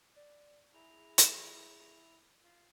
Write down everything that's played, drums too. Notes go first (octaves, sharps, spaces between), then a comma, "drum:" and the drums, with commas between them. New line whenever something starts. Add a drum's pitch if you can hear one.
D5
E4 G#4 A#5
drum: hi-hat
F4